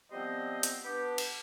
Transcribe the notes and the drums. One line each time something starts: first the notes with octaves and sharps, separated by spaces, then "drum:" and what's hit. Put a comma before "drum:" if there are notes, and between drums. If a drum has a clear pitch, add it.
F3 G3 B3 C4 C5 D#5
drum: hi-hat
B3 D4 G4
drum: cymbal